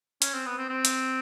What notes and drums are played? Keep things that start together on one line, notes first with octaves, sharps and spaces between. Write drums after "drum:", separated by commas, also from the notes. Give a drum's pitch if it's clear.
C#4, drum: hi-hat
C4
B3
C4
C4
drum: hi-hat